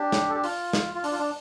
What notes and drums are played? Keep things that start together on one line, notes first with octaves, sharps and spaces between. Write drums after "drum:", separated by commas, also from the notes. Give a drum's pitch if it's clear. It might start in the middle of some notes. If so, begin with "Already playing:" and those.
Already playing: D4 G4
drum: snare
A4
G4
F4, drum: open hi-hat
drum: snare
F4
D4, drum: open hi-hat
F4
D4